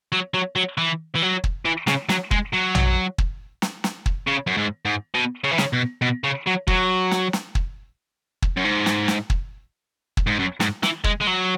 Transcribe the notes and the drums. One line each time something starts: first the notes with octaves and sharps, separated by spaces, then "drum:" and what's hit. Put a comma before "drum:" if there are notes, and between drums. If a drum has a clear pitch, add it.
F#3
F#3
F#3
E3
E3
F#3
drum: kick
E3
C#3, drum: snare
F#3, drum: snare
G#3, drum: kick
F#3
drum: tom A#1
drum: kick
drum: snare
drum: snare
drum: kick
C#3
F#2
G#2
G#2
B2
C#3
E3
C#3, drum: snare
B2
B2
C#3
F#3
F#3, drum: kick
drum: snare
drum: snare
drum: kick
drum: kick
F#2
G#2
drum: snare
drum: snare
drum: kick
drum: kick
G#2
F#2
G#2, drum: snare
E3, drum: snare
G#3, drum: kick
G#3
F#3